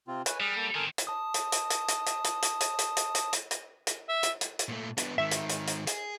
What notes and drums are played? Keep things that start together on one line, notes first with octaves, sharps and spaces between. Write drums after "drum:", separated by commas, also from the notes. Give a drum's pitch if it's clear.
C3 C4 F4
B4 C#5 G#5, drum: hi-hat
G3 G#4 F6 F#6
A#3 A4
D#3 C4 A4 A#4 G#5
drum: hi-hat
A5 D#6
drum: hi-hat
drum: hi-hat
drum: hi-hat
drum: hi-hat
drum: hi-hat
drum: hi-hat
drum: hi-hat
drum: hi-hat
drum: hi-hat
drum: hi-hat
drum: hi-hat
drum: hi-hat
drum: hi-hat
drum: hi-hat
E5
drum: hi-hat
drum: hi-hat
drum: hi-hat
A#2 A3
B3 D4, drum: hi-hat
G#2 D#3 E5
drum: hi-hat
drum: hi-hat
drum: hi-hat
G#4, drum: hi-hat